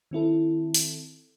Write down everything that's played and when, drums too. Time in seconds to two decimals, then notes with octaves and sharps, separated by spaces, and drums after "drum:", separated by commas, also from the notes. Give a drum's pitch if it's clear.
0.11 D#3 C4 E4 A4
0.74 drum: open hi-hat